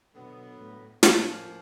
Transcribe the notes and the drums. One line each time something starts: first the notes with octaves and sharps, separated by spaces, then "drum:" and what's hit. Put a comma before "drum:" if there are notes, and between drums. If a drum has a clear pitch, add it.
B2 D3 F#3 B3
A2
A2 F3 A#3 C#4, drum: snare